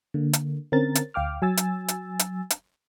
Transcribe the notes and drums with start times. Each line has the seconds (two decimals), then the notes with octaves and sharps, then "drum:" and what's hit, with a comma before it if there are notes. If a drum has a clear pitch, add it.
0.14 D3 A#3
0.33 drum: hi-hat
0.72 D3 C4 C#4 A#4 A6
0.95 drum: hi-hat
1.14 D2 F5 G5 D6 F6
1.42 F#3 G#5 E6 A6
1.57 drum: hi-hat
1.88 drum: hi-hat
2.19 drum: hi-hat
2.50 drum: hi-hat